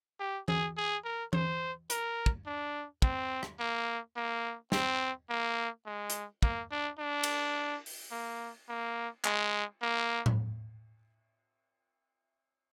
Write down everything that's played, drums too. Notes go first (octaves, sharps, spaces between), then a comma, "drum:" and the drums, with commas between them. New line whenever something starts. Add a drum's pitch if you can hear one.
G4
G#4, drum: tom E3
G#4
A#4
C5, drum: tom E3
A#4, drum: hi-hat
drum: kick
D4
C4, drum: kick
drum: rim click
A#3
A#3
C4, drum: snare
A#3
G#3
drum: hi-hat
A#3, drum: kick
D4
D4
drum: cymbal
drum: open hi-hat
A#3
A#3
G#3, drum: clap
A#3
drum: tom A2